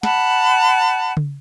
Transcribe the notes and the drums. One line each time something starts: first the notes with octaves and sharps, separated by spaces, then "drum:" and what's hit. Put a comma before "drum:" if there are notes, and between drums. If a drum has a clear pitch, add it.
F#5 A5 B5, drum: snare
drum: tom C#3